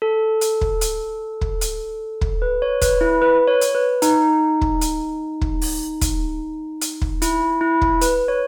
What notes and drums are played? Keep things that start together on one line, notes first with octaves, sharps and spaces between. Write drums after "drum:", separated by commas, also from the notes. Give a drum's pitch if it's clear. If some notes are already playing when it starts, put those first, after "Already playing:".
A4
drum: hi-hat
drum: kick
drum: hi-hat
drum: kick
drum: hi-hat
drum: kick
B4
C#5
B4, drum: kick, hi-hat
E4
B4
C#5
drum: hi-hat
B4
D#4, drum: hi-hat
drum: kick
drum: hi-hat
drum: kick
drum: open hi-hat
drum: kick, hi-hat
drum: hi-hat
drum: kick
E4, drum: hi-hat
E4
drum: kick
B4, drum: hi-hat
C#5